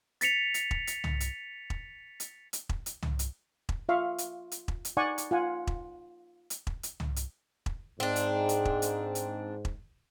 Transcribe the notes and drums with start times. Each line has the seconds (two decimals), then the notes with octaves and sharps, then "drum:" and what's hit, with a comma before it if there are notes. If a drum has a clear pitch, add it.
0.21 A6 B6 C#7 F7, drum: hi-hat
0.54 drum: hi-hat
0.71 drum: kick E1
0.87 drum: hi-hat
1.04 drum: tom
1.20 drum: hi-hat
1.70 drum: kick E1
2.20 drum: hi-hat
2.53 drum: hi-hat
2.69 drum: kick E1
2.86 drum: hi-hat
3.03 drum: tom
3.19 drum: hi-hat
3.69 drum: kick E1
3.89 F4 E5 F5 C6 C#6
4.18 drum: hi-hat
4.52 drum: hi-hat
4.68 drum: kick E1
4.85 drum: hi-hat
4.97 D#4 D5 F#5 G#5 C#6
5.18 drum: hi-hat
5.31 F4 F#5 G#5
5.67 drum: kick E1
6.50 drum: hi-hat
6.67 drum: kick E1
6.83 drum: hi-hat
7.00 drum: tom
7.16 drum: hi-hat
7.66 drum: kick E1
8.00 G#2 C4 D4
8.16 drum: hi-hat
8.49 drum: hi-hat
8.65 drum: kick E1
8.82 drum: hi-hat
9.15 drum: hi-hat
9.65 drum: kick E1